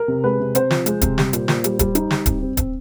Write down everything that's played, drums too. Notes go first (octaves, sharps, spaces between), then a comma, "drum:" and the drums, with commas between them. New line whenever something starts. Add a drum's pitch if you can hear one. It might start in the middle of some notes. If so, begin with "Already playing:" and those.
Already playing: A#4
C3
G#3 B4
C3
C3 C5, drum: hi-hat
F3, drum: snare
G#3, drum: hi-hat
C3, drum: kick D1, hi-hat
G3, drum: snare
A#2, drum: hi-hat
A#2, drum: snare
G3, drum: hi-hat
G3, drum: kick D1, hi-hat
D#4, drum: hi-hat
G3, drum: snare
C4, drum: kick D1, hi-hat
C4
C4, drum: kick D1, hi-hat